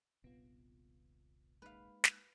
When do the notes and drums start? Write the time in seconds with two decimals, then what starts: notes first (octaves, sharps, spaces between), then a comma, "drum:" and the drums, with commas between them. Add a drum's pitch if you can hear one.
0.24 D#1 A#1 C3 B3 F4
1.62 G#3 A#3 D#4 B4 F5
2.04 drum: snare